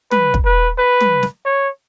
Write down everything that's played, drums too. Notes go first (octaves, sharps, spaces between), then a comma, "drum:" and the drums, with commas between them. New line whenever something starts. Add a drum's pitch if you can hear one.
B4, drum: tom
drum: kick
B4
B4
drum: tom
drum: snare
C#5